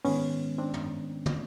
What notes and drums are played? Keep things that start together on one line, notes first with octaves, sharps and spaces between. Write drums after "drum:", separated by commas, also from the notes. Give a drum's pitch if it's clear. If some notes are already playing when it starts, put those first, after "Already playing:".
G#2 D#3 G#3 B3 C#4, drum: open hi-hat
C4 D4
drum: tom
drum: tom